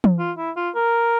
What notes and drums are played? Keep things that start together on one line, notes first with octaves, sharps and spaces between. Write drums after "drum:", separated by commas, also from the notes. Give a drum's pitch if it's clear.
drum: tom E3
F4
E4
F4
A#4